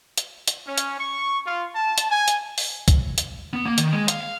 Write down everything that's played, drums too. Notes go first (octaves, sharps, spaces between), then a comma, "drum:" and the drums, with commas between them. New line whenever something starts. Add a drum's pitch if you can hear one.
drum: hi-hat
drum: hi-hat
C#4
drum: hi-hat
C#6
F4
A5
drum: hi-hat
G#5
drum: hi-hat
drum: open hi-hat
drum: kick C2, hi-hat
drum: hi-hat
B3
A#3
D#3, drum: hi-hat
G#3
F5, drum: hi-hat
F5